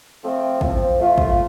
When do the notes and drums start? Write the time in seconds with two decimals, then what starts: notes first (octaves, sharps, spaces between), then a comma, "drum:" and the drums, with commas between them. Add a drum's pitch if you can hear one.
0.23 F3 A3 C4
0.61 F3, drum: kick
0.99 A3 F4
1.18 drum: kick